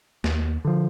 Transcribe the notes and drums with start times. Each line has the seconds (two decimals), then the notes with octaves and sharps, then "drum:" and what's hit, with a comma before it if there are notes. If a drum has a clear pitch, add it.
0.24 D#2, drum: snare
0.65 D3 F3